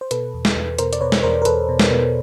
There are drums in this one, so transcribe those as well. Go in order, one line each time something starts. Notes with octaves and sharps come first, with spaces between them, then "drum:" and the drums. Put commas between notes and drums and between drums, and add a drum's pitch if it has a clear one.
C5
B2 A4 B4, drum: hi-hat
E2
drum: snare
E2
B2 A#4 C5, drum: hi-hat
D5, drum: hi-hat
B2 B4 C#5
drum: snare
E2 A#4 C5
A#4
E2 A4 B4, drum: hi-hat
B2
drum: snare
B2